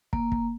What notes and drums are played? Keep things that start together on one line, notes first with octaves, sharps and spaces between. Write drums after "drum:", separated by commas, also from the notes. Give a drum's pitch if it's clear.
A#3, drum: kick
drum: kick